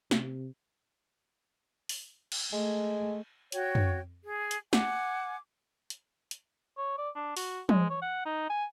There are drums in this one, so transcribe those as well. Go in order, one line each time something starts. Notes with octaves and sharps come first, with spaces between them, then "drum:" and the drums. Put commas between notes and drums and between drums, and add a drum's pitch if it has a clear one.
C3, drum: snare
drum: open hi-hat
drum: cymbal
G#3 A3
F#4 C#5 G5, drum: hi-hat
drum: tom
G#4
drum: hi-hat
F#5 G#5 D6, drum: snare
drum: hi-hat
drum: hi-hat
C#5
D5
D4
F#4, drum: open hi-hat
G#3, drum: tom
C#5
F#5
D#4
G#5